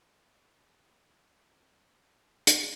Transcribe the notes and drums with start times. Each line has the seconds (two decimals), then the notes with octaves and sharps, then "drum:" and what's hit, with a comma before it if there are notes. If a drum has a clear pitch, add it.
0.12 C4 C#4
0.34 F3
0.54 A#2
0.76 A#2
0.97 F3
1.18 A#2
1.39 D#3 C4
1.60 G#4
1.82 D#3
2.04 F#3
2.47 drum: hi-hat